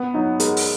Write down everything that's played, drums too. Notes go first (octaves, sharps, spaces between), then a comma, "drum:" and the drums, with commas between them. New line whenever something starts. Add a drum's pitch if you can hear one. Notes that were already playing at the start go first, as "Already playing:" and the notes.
Already playing: B3
F#3 D#4
G#3 A#4, drum: hi-hat
drum: open hi-hat